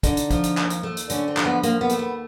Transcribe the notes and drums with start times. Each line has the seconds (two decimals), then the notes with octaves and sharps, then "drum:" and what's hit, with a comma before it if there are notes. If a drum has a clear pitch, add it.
0.03 D3 D#4, drum: kick, hi-hat
0.17 drum: hi-hat
0.30 F3, drum: kick, hi-hat
0.44 drum: hi-hat
0.57 D#2, drum: clap
0.70 drum: hi-hat
0.83 A3
0.97 drum: hi-hat
1.10 D3 C#4, drum: hi-hat
1.28 C4
1.37 F3, drum: clap
1.45 B3
1.63 D#2 A#3, drum: hi-hat
1.81 B3
1.89 A3, drum: hi-hat
1.99 B3